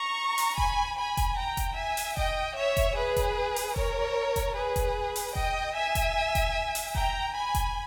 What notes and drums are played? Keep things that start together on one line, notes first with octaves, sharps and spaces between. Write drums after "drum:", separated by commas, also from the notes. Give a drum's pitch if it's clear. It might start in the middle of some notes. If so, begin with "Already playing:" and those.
Already playing: A#5 C#6
drum: open hi-hat
G#5 B5, drum: kick F1
G#5 B5
drum: kick F1, hi-hat
G5 A#5
drum: kick F1, hi-hat
E5 G#5
drum: open hi-hat
D#5 G5, drum: kick F1
C#5 E5
drum: kick F1, hi-hat
G#4 B4
drum: kick F1, hi-hat
drum: open hi-hat
A#4 C#5, drum: kick F1
drum: kick F1, hi-hat
G#4 B4
drum: kick F1, hi-hat
drum: open hi-hat
D#5 G5, drum: kick F1
E5 G#5
drum: kick F1, hi-hat
drum: kick F1, hi-hat
drum: open hi-hat
G5 A#5, drum: kick F1
G#5 B5
drum: kick F1, hi-hat